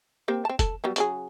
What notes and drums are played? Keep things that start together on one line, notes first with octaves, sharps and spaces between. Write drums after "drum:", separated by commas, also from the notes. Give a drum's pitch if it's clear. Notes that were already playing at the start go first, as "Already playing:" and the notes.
A#3 C4 G4
C4 A5
A4, drum: kick, hi-hat
F#3 G3 B3
C#3 F#3 G#4, drum: hi-hat